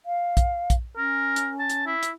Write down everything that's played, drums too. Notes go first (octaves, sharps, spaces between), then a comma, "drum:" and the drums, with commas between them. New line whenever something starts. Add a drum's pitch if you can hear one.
F5
drum: kick A#1, hi-hat
drum: kick A#1, hi-hat
C#4 A#4
drum: hi-hat
A5
drum: hi-hat
E4
drum: hi-hat